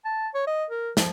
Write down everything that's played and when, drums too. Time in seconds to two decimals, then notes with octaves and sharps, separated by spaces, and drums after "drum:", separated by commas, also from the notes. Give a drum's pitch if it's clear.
0.05 A5
0.34 C#5
0.47 D#5
0.70 A#4
0.97 F3, drum: snare